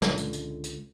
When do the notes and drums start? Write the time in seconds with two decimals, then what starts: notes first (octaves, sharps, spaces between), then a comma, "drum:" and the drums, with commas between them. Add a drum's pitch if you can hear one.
0.02 C#2 D3, drum: snare
0.17 drum: hi-hat
0.33 drum: hi-hat
0.64 drum: hi-hat